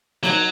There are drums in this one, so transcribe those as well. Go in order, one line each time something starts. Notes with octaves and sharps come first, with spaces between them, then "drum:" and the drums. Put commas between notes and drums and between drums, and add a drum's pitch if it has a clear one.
F#3, drum: snare